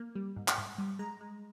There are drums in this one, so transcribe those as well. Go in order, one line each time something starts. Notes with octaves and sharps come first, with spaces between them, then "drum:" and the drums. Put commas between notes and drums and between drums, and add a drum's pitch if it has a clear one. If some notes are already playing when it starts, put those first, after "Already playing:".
Already playing: A#3
G3
G#2
drum: clap
G#2
G3
G#3 A#5
G#3